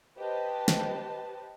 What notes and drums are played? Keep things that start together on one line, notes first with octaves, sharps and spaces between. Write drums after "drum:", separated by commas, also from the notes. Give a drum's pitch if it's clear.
G4 B4 C5 D#5 A5
drum: snare